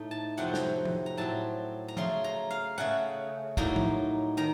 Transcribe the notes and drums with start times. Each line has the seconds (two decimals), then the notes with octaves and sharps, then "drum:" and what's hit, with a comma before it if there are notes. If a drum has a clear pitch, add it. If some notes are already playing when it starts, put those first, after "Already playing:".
Already playing: A2 A3 D#4
0.11 A5
0.37 F2 C3 F#3 C4 D#4 F#5
0.54 drum: snare
0.85 drum: tom F3
1.06 A#5
1.17 A2 F#3 C4 A5
1.88 A#5
1.97 C#3 A3 C#4 C6, drum: tom F3
2.24 A#5
2.50 F5
2.78 C#3 A3 C#4 F#5
3.57 A2 F#3 A#3 D#4 A#5, drum: kick
3.76 drum: tom F3
4.37 D#3 A#5